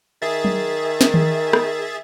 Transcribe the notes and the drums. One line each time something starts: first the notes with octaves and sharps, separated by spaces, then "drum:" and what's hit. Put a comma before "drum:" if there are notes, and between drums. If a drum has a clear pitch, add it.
D#3 G#4 E5 A6
drum: tom F#3
drum: snare
drum: tom D#3
drum: rim click